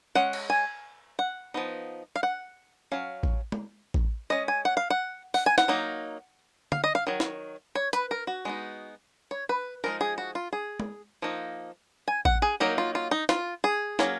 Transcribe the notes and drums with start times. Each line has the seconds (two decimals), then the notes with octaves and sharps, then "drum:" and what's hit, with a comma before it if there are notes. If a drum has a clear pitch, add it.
0.15 G#3 C#4 F#5
0.33 drum: cymbal
0.50 G#5
1.19 F#5
1.54 F3 B3 D#4
2.16 F5
2.23 F#5
2.92 F#3 C#4 F5
3.23 drum: kick A1
3.52 drum: tom G#3
3.94 drum: kick A1
4.30 G#3 C#4 D#5
4.48 G#5
4.65 F#5
4.77 F5
4.90 F#5
5.34 F#5, drum: open hi-hat
5.46 G#5
5.58 F#5, drum: snare
5.68 F#3 A#3 D#4
6.72 F5, drum: tom D3
6.84 D#5
6.95 F5
7.07 D#3 F#3
7.20 drum: snare
7.75 C#5
7.93 B4, drum: hi-hat
8.11 A#4
8.27 F#4
8.45 G#3 B3 D#4
9.31 C#5
9.49 B4
9.84 F3 G#3 D#4 A#4
10.01 G#4
10.18 F#4
10.35 F4
10.53 G#4
10.80 drum: tom G#3
11.22 F3 A#3 D#4
12.08 G#5
12.25 F#5, drum: kick A1
12.42 G#4
12.60 F#3 A#3 D#4 A#4
12.78 F4
12.95 F4
13.11 D#4
13.29 F4, drum: snare
13.64 G#4
13.99 F#3 A#3 C#4, drum: snare